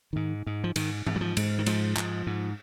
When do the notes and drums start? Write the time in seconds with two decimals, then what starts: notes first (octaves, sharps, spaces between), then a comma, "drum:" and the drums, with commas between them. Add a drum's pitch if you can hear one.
0.13 G#2 D#3
0.47 G#2
0.64 F3
0.76 G#2 D#3, drum: cymbal
1.06 G#2, drum: tom
1.16 F#3
1.21 F3
1.37 G#2, drum: cymbal
1.59 D#3
1.66 G#2 F3, drum: cymbal
1.97 G#2, drum: clap
2.27 G#2